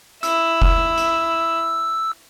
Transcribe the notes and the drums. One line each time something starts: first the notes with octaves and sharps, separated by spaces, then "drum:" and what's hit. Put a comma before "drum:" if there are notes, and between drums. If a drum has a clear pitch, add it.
E4 E6, drum: hi-hat
drum: kick F1
drum: hi-hat